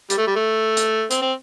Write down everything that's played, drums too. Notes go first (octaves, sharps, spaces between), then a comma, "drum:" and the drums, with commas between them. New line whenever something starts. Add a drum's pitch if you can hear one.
G3, drum: hi-hat
A3
G3
A3
drum: hi-hat
C4, drum: hi-hat
C4